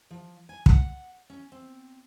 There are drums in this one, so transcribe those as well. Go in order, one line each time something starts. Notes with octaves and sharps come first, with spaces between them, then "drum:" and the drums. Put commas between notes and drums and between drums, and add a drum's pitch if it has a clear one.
F3
G#5
F#5, drum: kick
C#4
C4